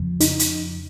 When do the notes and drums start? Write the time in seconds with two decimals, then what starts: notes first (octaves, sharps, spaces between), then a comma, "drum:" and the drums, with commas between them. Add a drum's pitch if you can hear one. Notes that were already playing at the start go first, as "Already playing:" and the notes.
Already playing: F2 C#3 F3
0.20 D#4, drum: hi-hat
0.39 drum: hi-hat